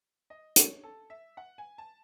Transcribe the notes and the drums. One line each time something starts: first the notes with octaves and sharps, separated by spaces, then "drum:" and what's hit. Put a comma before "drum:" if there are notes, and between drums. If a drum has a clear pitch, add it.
D#5
C#5, drum: hi-hat
A4
E5
F#5
G#5
A5